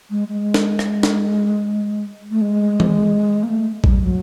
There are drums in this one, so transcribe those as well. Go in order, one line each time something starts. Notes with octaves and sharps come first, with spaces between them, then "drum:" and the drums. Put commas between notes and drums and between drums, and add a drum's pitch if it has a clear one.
G#3
G#3
drum: snare
drum: rim click
drum: snare
A3
G#3
drum: tom E3
A#3
A3
G3, drum: kick
F#3